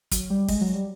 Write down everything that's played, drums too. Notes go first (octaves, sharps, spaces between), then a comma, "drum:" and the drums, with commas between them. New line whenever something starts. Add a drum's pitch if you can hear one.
F#3, drum: kick, hi-hat
G3
G#3, drum: kick, open hi-hat
F#3
G3